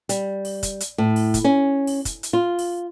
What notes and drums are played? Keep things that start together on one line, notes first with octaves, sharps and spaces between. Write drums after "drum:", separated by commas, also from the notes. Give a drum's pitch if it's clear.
G3, drum: hi-hat
drum: open hi-hat
drum: kick, hi-hat
drum: hi-hat
A2
drum: open hi-hat
drum: kick, hi-hat
C#4
drum: open hi-hat
drum: kick, hi-hat
drum: hi-hat
F4
drum: open hi-hat